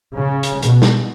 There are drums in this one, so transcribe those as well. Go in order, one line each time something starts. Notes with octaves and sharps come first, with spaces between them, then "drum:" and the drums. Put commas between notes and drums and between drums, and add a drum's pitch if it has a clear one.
C#3
drum: hi-hat
B2, drum: hi-hat
drum: snare